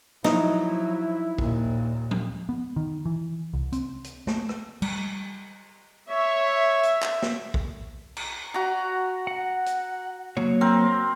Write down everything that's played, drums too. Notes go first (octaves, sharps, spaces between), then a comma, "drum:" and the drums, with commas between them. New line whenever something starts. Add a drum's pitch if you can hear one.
F3 F#3 D#4 E4, drum: snare
D#2 A#2, drum: kick A#1
drum: tom F3
B3
D#3
E3
C2
C4, drum: hi-hat
drum: hi-hat
A3, drum: snare
drum: rim click
G3, drum: cymbal
C#5 E5
drum: hi-hat
drum: clap
drum: snare
drum: kick A#1
drum: cymbal
F#4 A#5
F#5
drum: hi-hat
F#3 A#3 C#5, drum: tom
C4 A#4